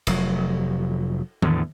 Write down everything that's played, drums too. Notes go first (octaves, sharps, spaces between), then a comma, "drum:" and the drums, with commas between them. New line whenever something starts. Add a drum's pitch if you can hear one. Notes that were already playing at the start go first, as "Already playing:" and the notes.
F1 F#3, drum: cymbal
E2 A2 D3, drum: tom D#3